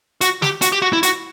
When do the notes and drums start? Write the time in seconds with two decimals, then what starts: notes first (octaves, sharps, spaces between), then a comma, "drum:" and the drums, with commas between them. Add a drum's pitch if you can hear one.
0.21 F#4, drum: hi-hat
0.42 G4, drum: snare
0.62 F#4, drum: hi-hat
0.72 G4
0.82 F#4
0.93 E4
1.03 F#4, drum: hi-hat